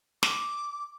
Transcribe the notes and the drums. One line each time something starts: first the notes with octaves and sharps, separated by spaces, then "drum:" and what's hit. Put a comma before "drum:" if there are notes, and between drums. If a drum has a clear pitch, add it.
D6, drum: snare